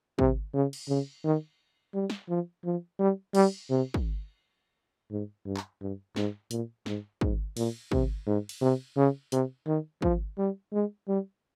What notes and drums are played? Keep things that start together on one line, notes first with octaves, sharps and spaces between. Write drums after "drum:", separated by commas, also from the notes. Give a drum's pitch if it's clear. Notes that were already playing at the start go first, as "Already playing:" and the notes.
C3, drum: kick
C#3
drum: cymbal
C#3
D#3
G3
drum: snare
F3
F3
G3
G3, drum: cymbal
C3
drum: kick
G#2
G2
drum: clap
G2
G#2, drum: snare
A#2, drum: hi-hat
G#2, drum: snare
G#2, drum: kick
A#2, drum: cymbal
C3, drum: kick
G#2
drum: cymbal
C3
C#3
C3, drum: hi-hat
D#3
F3, drum: kick
G3
G#3
G3